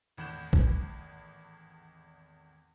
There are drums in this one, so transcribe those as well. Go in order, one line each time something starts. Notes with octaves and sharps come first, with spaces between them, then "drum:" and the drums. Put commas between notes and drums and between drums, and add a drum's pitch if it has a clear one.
G#1 E2 A2 F#5 G6 E7
drum: kick A#1